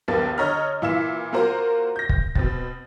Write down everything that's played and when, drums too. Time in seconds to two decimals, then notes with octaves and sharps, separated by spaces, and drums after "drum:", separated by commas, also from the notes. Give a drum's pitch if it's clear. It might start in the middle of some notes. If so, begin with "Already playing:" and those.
0.08 A#1 D#2 A#3 B3 A5 A6
0.38 D3 C#5 D#5 A#5 F6
0.82 A#2 E3 E5 E6 E7
1.33 A#3 F4 F#4 A#4 C5
1.96 G6 A#6
2.09 drum: kick
2.35 B2 C4 A6, drum: kick